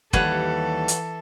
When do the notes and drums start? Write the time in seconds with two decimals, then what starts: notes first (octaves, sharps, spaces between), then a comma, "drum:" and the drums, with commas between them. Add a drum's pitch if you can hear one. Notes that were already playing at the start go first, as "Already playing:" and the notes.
0.13 D#2 E3 G3 A4 B4 C#5 F#5, drum: kick
0.88 drum: hi-hat